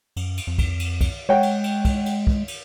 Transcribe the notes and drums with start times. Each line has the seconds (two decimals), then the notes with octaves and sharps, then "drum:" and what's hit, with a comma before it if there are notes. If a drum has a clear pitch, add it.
0.16 F#2, drum: cymbal
0.37 drum: cymbal
0.47 F2
0.59 drum: kick, cymbal
0.80 drum: cymbal
1.01 drum: kick, cymbal
1.29 G#3 C#5 F#5 G5
1.43 drum: cymbal
1.64 drum: cymbal
1.85 drum: kick, cymbal
2.06 drum: cymbal
2.27 drum: kick
2.48 drum: cymbal